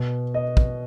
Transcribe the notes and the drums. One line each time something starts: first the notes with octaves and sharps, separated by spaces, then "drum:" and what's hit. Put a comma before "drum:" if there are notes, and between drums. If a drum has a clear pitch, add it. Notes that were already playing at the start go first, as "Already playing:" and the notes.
Already playing: B2
D#5
drum: kick